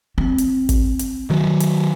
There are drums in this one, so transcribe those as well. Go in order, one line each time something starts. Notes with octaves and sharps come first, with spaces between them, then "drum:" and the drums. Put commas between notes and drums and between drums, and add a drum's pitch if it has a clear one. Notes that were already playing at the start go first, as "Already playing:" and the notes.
C4
drum: hi-hat
drum: kick, hi-hat
drum: hi-hat
D#3 F#3
drum: hi-hat